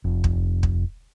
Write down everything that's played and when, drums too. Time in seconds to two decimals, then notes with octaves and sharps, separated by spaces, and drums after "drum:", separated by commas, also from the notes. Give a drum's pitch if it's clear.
0.04 F1
0.24 drum: kick
0.63 drum: kick